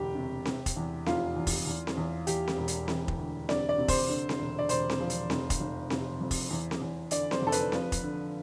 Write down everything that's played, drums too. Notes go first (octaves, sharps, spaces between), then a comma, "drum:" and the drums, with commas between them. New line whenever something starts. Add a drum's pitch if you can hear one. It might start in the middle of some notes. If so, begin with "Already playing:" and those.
Already playing: E1 D2 G4
C3
C3, drum: snare C4
drum: kick F1, hi-hat
E2
F1 F4, drum: snare C4
E2
drum: kick F1, open hi-hat
E2
drum: snare C4
E2
E2 G4, drum: hi-hat
drum: snare C4
E1
drum: hi-hat
E3, drum: snare C4
drum: kick F1
D2
D2 D5, drum: snare C4
D5
C3
C5, drum: kick F1, open hi-hat
D3
drum: snare C4
E1
D5
E1 C5, drum: hi-hat
drum: snare C4
F3
drum: hi-hat
F1, drum: snare C4
drum: kick F1, hi-hat
F1
C3, drum: snare C4
F2
drum: kick F1, open hi-hat
E2
drum: snare C4
E2
D3 D5, drum: hi-hat
C5, drum: snare C4
F1
A4
B4, drum: hi-hat
F3, drum: snare C4
drum: kick F1, hi-hat
D3